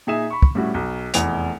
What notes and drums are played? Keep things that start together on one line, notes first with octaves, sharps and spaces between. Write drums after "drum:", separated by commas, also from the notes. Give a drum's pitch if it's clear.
A#2 D#4 G#4 E5 G#5 E7
B5 C#6
drum: kick
A2 G3 C#4 E4 F#4
B1
F1 E2 F7, drum: hi-hat